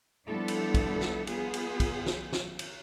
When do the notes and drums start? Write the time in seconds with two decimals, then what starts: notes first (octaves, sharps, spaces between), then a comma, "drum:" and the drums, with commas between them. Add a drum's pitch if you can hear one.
0.27 F3 G3 B3 D4 E4 A4
0.48 drum: cymbal
0.74 drum: kick, cymbal
1.01 drum: snare
1.27 B3 F4 G#4, drum: cymbal
1.53 drum: cymbal
1.80 drum: kick, cymbal
2.06 drum: snare
2.33 drum: snare
2.59 drum: cymbal